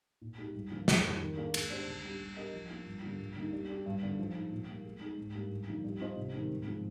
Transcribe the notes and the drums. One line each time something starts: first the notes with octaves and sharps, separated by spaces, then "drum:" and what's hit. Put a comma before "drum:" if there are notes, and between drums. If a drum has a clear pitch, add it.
A#2
G#3 D#4 G4
G2
D3 F3 A#3 F4
F2, drum: snare
D#3 G3
D#3
A#3 D4 G#4
G#3, drum: cymbal
D4 G4 C5
D3
G3 D4 G4
G3
D4 G4 A#4 D#5
F3
A#3 D4 F4
G2
D3 G3 A#3 F4
G2
D3 G3 A#3 D#4
G3
D4 G4
G2
D3 G3 D4
F3
G#3 D#4
A#2
G3 A#3
G#3
D#4 G#4
G#2
G3 A#3 D4 G4
G2
D3 F3 A#3 D#4
G3
C4 F4 C5 D#5
C3
D#3 G3 C4 D#4
G#2
F3 G#3 C4